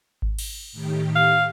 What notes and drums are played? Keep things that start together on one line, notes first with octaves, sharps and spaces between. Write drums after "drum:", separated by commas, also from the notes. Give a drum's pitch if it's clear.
drum: kick G#1
drum: cymbal
A2 D#3 G4
F5